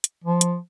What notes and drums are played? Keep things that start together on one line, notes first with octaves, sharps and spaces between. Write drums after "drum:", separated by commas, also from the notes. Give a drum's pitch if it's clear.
drum: hi-hat
F3
drum: hi-hat